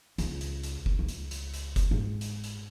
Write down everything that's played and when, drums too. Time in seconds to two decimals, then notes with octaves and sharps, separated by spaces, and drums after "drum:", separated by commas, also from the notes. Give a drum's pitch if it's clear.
0.18 C#2, drum: hi-hat
0.41 drum: hi-hat
0.63 drum: hi-hat
0.86 drum: kick F#1
0.99 C#2
1.09 drum: hi-hat
1.31 drum: hi-hat
1.54 drum: hi-hat
1.76 drum: kick F#1, hi-hat
1.91 G#2 G#3
2.21 drum: hi-hat
2.44 drum: hi-hat